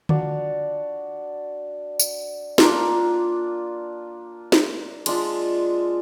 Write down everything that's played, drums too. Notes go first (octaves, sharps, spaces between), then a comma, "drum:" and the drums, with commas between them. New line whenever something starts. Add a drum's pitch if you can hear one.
D4 F#4 D5 F5, drum: tom D3
drum: tambourine
A#3 D4 F4, drum: snare
drum: snare
G#3 D4 F4, drum: cymbal